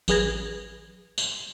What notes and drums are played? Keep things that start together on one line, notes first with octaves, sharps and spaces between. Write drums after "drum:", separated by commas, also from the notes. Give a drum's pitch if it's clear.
A1 F#3 G#4 B4 G#6 A#6, drum: tambourine
drum: tambourine